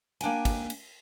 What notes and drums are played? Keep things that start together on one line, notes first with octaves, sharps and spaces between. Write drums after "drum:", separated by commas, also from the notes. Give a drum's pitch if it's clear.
A#3 D4 G5 G#5, drum: cymbal
drum: kick, cymbal
drum: cymbal